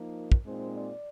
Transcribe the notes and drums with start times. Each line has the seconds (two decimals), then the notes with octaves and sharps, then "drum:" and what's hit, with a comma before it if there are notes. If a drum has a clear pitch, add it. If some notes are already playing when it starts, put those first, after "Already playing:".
Already playing: F3 A#3 D#4
0.17 A#4
0.32 drum: kick
0.46 A#2 G#3 C4 D#4 C5
0.75 D5